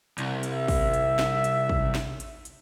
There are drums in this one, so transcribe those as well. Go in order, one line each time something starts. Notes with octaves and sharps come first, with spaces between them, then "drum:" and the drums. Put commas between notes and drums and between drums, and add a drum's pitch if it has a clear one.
C2, drum: hi-hat
drum: hi-hat
E5
drum: kick, open hi-hat
drum: hi-hat
drum: snare
drum: hi-hat
drum: kick
drum: snare
drum: hi-hat
drum: hi-hat